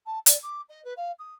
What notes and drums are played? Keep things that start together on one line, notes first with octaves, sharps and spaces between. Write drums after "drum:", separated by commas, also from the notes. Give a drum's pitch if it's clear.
A5
D5, drum: hi-hat
D6
D#5
B4
F5
D#6